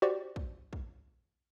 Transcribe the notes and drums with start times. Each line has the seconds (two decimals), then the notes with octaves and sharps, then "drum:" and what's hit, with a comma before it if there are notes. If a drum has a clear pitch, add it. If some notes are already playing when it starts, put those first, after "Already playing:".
0.02 F#4 G4 C5 D5 C#6
0.36 drum: kick
0.73 drum: kick